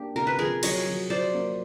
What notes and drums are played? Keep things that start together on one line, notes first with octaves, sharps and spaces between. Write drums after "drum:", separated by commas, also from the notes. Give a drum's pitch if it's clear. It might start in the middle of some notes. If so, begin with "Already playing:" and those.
Already playing: A#3 D4 G4
C3 A#4
B4
F3 G#4 A#4
F#3 C#5 D#5, drum: cymbal
F#3
F#3 C5 D5
A#3